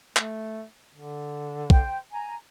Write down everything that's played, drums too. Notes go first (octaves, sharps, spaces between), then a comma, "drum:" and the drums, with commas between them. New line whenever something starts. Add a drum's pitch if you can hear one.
A3, drum: clap
D3
C5 G5, drum: kick
G#5 A#5